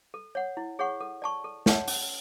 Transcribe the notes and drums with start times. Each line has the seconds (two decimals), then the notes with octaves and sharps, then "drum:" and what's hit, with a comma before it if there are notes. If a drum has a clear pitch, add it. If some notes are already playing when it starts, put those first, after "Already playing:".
0.14 A4
0.35 C#5 F#5
0.57 E4
0.79 G#4 C#5 F#5 C#6
1.01 A4
1.22 D5 A5 C#6
1.44 A4
1.66 C#5 F#5 A5, drum: snare
1.88 C#4, drum: open hi-hat